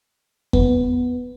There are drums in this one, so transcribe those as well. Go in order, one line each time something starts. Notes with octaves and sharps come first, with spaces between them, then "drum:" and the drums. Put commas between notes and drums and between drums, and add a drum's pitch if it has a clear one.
B3, drum: kick E2